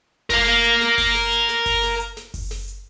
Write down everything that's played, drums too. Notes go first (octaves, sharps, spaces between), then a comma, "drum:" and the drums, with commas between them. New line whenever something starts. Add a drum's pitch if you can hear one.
A#4 F5, drum: kick F#1, open hi-hat
drum: snare
drum: hi-hat
drum: snare
drum: kick F#1, open hi-hat
drum: snare
drum: hi-hat
drum: snare
drum: kick F#1, open hi-hat
drum: snare
drum: hi-hat
drum: snare
drum: kick F#1, open hi-hat
drum: snare
drum: hi-hat